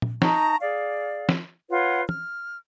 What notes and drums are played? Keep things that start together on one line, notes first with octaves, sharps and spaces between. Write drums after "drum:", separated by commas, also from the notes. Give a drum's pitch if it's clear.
drum: tom A#2
D#4 A5 A#5 C#6, drum: snare
G#4 D5 F5
drum: snare
F4 B4 C#5 F#5
F6, drum: tom